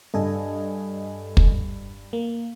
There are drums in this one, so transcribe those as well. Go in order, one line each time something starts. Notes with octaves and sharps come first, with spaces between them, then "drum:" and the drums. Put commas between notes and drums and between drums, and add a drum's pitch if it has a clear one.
G2 A4 D#5 G#5
drum: kick
A#3